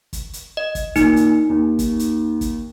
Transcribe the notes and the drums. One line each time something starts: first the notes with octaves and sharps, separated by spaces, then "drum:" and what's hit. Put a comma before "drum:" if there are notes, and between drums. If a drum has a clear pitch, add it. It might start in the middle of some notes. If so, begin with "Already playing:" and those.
drum: kick, hi-hat
drum: hi-hat
D#5
drum: kick, hi-hat
A#2 D#4, drum: kick, hi-hat
drum: hi-hat
D#2
drum: kick, hi-hat
drum: hi-hat
drum: kick, hi-hat